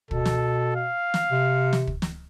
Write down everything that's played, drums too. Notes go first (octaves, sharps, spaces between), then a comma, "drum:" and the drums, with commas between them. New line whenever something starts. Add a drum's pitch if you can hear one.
B2 A4, drum: kick
drum: snare
F5
drum: snare
C3
drum: snare
drum: kick
drum: snare